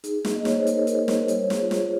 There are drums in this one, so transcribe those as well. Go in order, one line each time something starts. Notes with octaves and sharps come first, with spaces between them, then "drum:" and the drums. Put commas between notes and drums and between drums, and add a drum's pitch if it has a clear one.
D#4 G#4, drum: hi-hat
drum: snare
A#3 D#5
C#5, drum: snare
C5
D#4 A#4, drum: hi-hat
drum: hi-hat
A#3
drum: snare
C5
G3 C#5, drum: hi-hat
G#4, drum: snare
F4
G#4, drum: snare